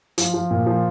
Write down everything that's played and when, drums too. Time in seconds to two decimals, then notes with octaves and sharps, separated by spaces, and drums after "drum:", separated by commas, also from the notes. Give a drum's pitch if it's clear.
0.18 F3, drum: hi-hat
0.34 F3
0.51 A#2
0.67 F3